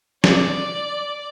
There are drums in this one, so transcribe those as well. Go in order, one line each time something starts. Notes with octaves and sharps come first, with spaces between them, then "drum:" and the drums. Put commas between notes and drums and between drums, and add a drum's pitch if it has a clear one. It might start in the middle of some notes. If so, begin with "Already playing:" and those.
D5, drum: snare